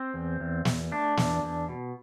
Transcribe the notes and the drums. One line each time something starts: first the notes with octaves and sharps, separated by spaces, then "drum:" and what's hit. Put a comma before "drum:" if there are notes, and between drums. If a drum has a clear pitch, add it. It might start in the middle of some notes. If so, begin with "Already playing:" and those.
Already playing: C4
E2
E2
E2, drum: snare
A3 D4
E2, drum: snare
E2
B2